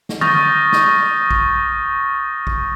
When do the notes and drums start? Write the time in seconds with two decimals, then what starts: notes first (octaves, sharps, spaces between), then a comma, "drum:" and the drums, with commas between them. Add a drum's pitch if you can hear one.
0.09 drum: snare
0.21 C#6 D#6 F6 G6 A6 A#6, drum: tom D3
0.72 drum: snare
1.31 drum: kick A#1
2.47 drum: kick A#1